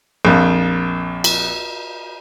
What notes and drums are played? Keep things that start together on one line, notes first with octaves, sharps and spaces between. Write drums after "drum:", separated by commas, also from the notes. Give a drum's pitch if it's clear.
A#1 F2
drum: cymbal